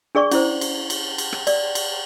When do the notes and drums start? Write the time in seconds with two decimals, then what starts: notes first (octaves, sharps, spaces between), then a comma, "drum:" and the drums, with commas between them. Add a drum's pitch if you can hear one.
0.15 D4 G#4 D5 C#6
0.31 C#4 E4 C5, drum: cymbal
0.61 drum: cymbal
0.90 drum: cymbal
1.18 drum: cymbal
1.33 drum: rim click
1.47 D5, drum: cymbal
1.75 drum: cymbal